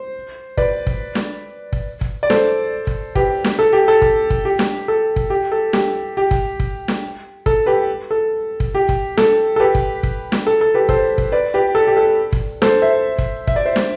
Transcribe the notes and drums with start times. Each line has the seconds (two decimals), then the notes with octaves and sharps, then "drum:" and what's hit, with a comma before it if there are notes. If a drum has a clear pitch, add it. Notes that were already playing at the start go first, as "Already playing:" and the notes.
Already playing: C5
0.57 B4 D5, drum: kick
0.87 drum: kick
1.15 drum: snare
1.73 drum: kick
2.01 drum: kick
2.23 D5
2.30 A4 C5, drum: snare
2.87 drum: kick
3.15 G4 B4, drum: kick
3.44 drum: snare
3.59 A4
3.73 G4
3.88 A4
4.02 drum: kick
4.30 drum: kick
4.45 G4
4.59 drum: snare
4.88 A4
5.16 drum: kick
5.30 G4
5.52 A4
5.73 G4, drum: snare
6.17 G4
6.31 drum: kick
6.60 drum: kick
6.88 drum: snare
7.46 A4, drum: kick
7.66 G4 B4
8.11 A4
8.60 drum: kick
8.75 G4
8.89 drum: kick
9.17 A4, drum: snare
9.56 A4
9.60 G4 B4
9.75 drum: kick
10.03 drum: kick
10.32 drum: snare
10.47 A4
10.61 A4
10.74 G4 B4
10.89 A4 C5, drum: kick
11.18 drum: kick
11.32 B4 D5
11.54 G4 B4
11.75 A4
11.87 G4
11.97 A4
12.33 drum: kick
12.62 A4 C5, drum: snare
12.82 C5 E5
13.18 drum: kick
13.47 E5, drum: kick
13.56 D5
13.66 C5 E5
13.76 drum: snare